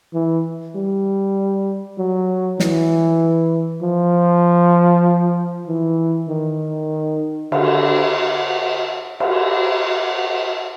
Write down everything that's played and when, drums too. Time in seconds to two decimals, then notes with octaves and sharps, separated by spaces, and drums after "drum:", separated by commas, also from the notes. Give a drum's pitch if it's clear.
0.14 E3
0.76 G3
1.99 F#3
2.60 E3, drum: snare
3.82 F3
5.68 E3
6.29 D#3
7.52 D3, drum: cymbal
9.20 drum: cymbal